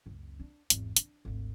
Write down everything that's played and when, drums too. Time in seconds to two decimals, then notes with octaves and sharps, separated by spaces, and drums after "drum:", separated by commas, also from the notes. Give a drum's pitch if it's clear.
0.06 F#1 C#2
0.40 D4
0.70 G#1 E2, drum: hi-hat
0.97 D4, drum: hi-hat
1.25 G#1 D2